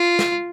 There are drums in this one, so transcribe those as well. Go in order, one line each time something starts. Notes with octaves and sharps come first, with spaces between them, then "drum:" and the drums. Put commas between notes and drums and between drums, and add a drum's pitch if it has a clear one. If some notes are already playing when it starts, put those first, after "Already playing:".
Already playing: F4
drum: snare